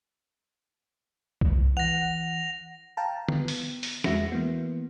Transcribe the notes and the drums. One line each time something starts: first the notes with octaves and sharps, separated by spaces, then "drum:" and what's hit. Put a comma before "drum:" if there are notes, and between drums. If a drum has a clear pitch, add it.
drum: kick C2
E3 F#5 A#6 F7
F5 G5 A5 A#5
B3, drum: tom D3
drum: open hi-hat
drum: open hi-hat
E2 G#3 F#4 E5 A#6 C#7, drum: snare
E3 A#3 B3